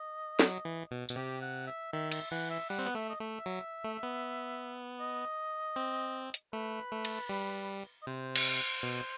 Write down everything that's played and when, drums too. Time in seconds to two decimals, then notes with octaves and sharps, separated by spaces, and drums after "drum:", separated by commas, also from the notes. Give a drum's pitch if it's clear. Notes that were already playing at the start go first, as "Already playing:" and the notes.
Already playing: D#5
0.40 F#3, drum: snare
0.65 E3
0.91 B2
1.09 B2, drum: tambourine
1.16 C3 G4
1.41 F#5
1.67 E5
1.93 D#3 E5
2.11 E5, drum: cymbal
2.31 E3 F#5
2.50 E5
2.69 G3 F#5
2.79 C4
2.86 B3
2.95 A3 E5
3.09 D#5
3.20 A3 E5
3.46 F#3
3.84 A3
4.03 B3
5.00 D#5
5.76 C4
6.34 drum: hi-hat
6.53 A3 B4
6.92 A3
7.05 drum: cymbal
7.29 G3
8.02 D#5
8.07 C3 C5
8.36 drum: cymbal
8.83 B2